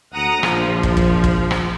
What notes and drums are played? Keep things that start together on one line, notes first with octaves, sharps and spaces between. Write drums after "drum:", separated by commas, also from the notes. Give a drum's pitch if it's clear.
D2 F#5 A#5 D#6
A#1 F3, drum: rim click
drum: kick
drum: kick
drum: kick
drum: rim click